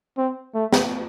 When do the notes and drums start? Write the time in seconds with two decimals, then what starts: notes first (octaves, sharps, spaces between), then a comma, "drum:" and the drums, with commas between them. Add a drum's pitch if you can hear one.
0.18 C4
0.54 A3
0.73 drum: snare